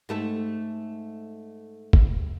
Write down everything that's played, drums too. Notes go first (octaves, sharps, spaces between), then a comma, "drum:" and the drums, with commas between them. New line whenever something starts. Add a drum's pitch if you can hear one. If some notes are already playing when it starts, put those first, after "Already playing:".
G#2 A3 A4
drum: kick F#1